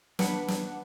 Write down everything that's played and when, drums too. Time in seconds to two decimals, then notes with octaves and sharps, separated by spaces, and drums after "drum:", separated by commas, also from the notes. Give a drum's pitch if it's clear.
0.19 D4 B4 F#5, drum: snare
0.48 drum: snare